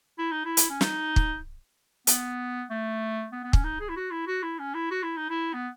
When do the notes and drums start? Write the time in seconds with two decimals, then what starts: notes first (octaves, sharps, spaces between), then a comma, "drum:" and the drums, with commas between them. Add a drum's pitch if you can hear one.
0.18 E4
0.32 D#4
0.45 E4
0.57 drum: hi-hat
0.70 C#4
0.81 D#4, drum: snare
1.16 drum: kick
2.07 B3, drum: hi-hat
2.70 A3
3.32 B3
3.44 B3
3.53 C#4, drum: kick
3.64 D#4
3.80 G#4
3.89 E4
3.96 F#4
4.11 E4
4.27 F#4
4.43 E4
4.59 C#4
4.74 E4
4.91 F#4
5.03 E4
5.17 D#4
5.30 E4
5.54 B3